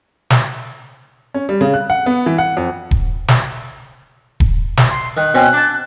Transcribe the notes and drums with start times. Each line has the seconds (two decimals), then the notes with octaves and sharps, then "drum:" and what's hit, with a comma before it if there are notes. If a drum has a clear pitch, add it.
0.30 drum: snare
1.34 C#4
1.49 G3
1.61 C#3
1.74 F#6
1.90 F#5
2.06 B3
2.26 E3
2.38 F#5
2.57 F2
2.91 drum: kick D#1
3.28 drum: snare
4.40 drum: kick D#1
4.77 drum: snare
4.90 C6
5.17 D#3 F#6
5.34 B2 C4 C#4
5.53 D4 A5